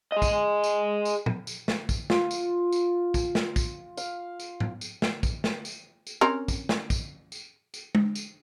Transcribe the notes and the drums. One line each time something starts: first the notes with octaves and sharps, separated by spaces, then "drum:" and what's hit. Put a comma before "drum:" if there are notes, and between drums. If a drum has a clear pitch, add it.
G#4 D#5
drum: kick, tambourine
drum: tambourine
drum: tambourine
drum: tom A#2
drum: tambourine
drum: snare
drum: kick, tambourine
F4, drum: snare
drum: tambourine
drum: tambourine
drum: kick, tambourine
drum: snare
drum: kick, tambourine
F5, drum: tambourine
drum: tambourine
drum: tom G#2
drum: tambourine
drum: snare
drum: kick, tambourine
drum: snare
drum: tambourine
drum: tambourine
C4 C#4 A#4
drum: kick, tambourine
drum: snare
drum: kick, tambourine
drum: tambourine
drum: tambourine
drum: tom G#3
drum: tambourine